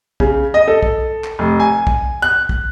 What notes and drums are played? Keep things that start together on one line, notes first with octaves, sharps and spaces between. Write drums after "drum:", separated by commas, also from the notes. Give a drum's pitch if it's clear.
C#3, drum: kick
D#5
A4
drum: kick
drum: clap
F1
G#5
drum: kick
F#6
drum: kick